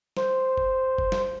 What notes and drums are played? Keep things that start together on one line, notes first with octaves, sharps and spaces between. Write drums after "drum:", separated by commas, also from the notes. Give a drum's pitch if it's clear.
C5, drum: snare
drum: kick
drum: kick
drum: snare